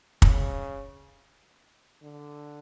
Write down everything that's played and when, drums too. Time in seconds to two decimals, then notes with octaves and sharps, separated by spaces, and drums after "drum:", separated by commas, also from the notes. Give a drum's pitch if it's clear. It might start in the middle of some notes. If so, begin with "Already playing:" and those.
0.22 C#3, drum: kick
2.02 D3